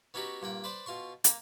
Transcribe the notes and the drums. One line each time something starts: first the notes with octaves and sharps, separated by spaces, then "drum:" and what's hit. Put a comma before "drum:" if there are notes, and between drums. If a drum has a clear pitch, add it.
B3 C#4 D#4 F#4 G4 B4
G2 A#2 F#5 G5
B4 C5 D5 A5 C6
B2 F4 C6 C#6
A#3, drum: hi-hat